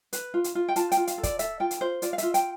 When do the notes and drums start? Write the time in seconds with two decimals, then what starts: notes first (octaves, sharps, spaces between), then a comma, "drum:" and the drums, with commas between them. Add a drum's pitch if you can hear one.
0.13 B4, drum: hi-hat
0.34 F4
0.44 drum: hi-hat
0.55 F4
0.68 G5
0.76 F4 A5, drum: hi-hat
0.92 G5, drum: hi-hat
0.97 F4
1.07 F5, drum: hi-hat
1.18 A4
1.23 D5, drum: kick, hi-hat
1.39 A4 E5, drum: hi-hat
1.60 F4 G5
1.71 drum: hi-hat
1.81 F4 C5
2.02 F4 D5, drum: hi-hat
2.13 F5
2.18 F4 E5, drum: hi-hat
2.34 G5, drum: hi-hat